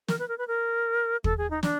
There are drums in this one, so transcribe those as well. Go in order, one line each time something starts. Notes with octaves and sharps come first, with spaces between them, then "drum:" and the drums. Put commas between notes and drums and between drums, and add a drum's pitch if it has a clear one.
A#4, drum: snare
B4
A#4
B4
A#4
A4, drum: kick
G#4
D#4
D4, drum: snare